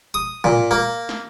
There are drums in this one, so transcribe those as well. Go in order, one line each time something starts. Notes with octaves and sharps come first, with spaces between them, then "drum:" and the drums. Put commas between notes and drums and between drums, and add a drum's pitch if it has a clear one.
D#6
A#2, drum: tom
A#3
drum: snare